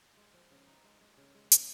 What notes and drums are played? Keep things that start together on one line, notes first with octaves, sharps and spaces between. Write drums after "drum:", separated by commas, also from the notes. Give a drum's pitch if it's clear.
G#3
F3
C#3
D#4
G#3
G#3
C#3
G#3
C#3, drum: hi-hat